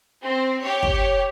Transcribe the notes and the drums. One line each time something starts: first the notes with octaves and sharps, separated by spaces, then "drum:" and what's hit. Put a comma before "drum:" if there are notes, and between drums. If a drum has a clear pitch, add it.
C4
G4 C#5
drum: kick